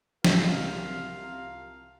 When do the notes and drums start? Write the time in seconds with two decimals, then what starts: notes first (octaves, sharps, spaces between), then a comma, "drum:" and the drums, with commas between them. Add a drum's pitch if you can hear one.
0.25 C2 F4 A#4 F5, drum: snare